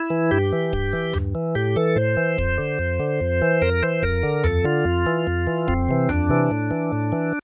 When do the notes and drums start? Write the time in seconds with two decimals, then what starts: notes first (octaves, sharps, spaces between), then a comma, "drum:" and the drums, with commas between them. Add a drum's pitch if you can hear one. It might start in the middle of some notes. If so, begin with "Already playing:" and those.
Already playing: E4
0.10 E3
0.31 G2 G4
0.53 E3
0.73 G2, drum: kick D1
0.93 E3
1.13 G2, drum: tom D#2
1.35 E3
1.55 A2 G4
1.76 E3 A4
1.96 A2 C5
2.17 E3
2.38 F2, drum: kick D1
2.58 D3
2.79 F2
3.00 D3
3.21 F2
3.42 E3
3.62 F2 A#4
3.83 E3 C5
4.03 F2 A#4, drum: kick D1
4.23 D3
4.44 F2 A4, drum: tom D#2
4.64 D3 F4
4.85 F2
5.06 E3
5.27 F2
5.47 E3
5.68 F2 C4, drum: kick D1
5.89 C3 E3
6.09 F2 D4, drum: tom D#2
6.29 C3 E3
6.51 A2
6.71 E3
6.92 A2
7.12 E3